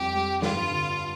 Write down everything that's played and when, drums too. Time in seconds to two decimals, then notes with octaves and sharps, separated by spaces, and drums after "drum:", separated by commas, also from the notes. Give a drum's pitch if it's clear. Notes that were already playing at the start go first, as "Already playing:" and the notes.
Already playing: F2 G3 G4
0.15 G3
0.42 G2 F4, drum: snare
0.70 D3